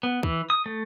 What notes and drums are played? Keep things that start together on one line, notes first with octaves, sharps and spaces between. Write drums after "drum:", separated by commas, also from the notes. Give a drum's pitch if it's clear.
B3
E3, drum: kick
D#6
A3